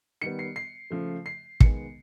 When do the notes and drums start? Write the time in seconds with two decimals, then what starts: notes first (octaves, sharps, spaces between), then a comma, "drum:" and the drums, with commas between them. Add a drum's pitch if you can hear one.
0.22 D#3 G3 B3 C#7
0.39 C7
0.56 C7
0.90 C#3 F3 A3
1.26 C7
1.60 D#3 G#3 B3 C#7, drum: kick